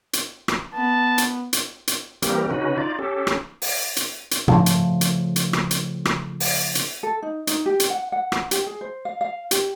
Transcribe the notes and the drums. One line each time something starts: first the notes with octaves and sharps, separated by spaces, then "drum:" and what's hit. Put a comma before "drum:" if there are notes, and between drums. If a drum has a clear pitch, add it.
drum: hi-hat
drum: rim click
B3 A5
drum: hi-hat
drum: hi-hat
drum: hi-hat
E3 G3 A#3 C4 G4 A#4, drum: hi-hat
C#3 C#4 D#4 F#4 B4
D#4 F4 D5
C#4 G4 A4
drum: rim click
drum: open hi-hat
drum: hi-hat
drum: hi-hat
C#3 F3 A3, drum: tom
drum: hi-hat
drum: hi-hat
drum: hi-hat
drum: rim click
drum: hi-hat
drum: rim click
drum: open hi-hat
drum: hi-hat
A4
D#4
D#4, drum: hi-hat
G4
drum: hi-hat
F#5
F#5
drum: rim click
G4, drum: hi-hat
G#4
C5
F5
F5
G4, drum: hi-hat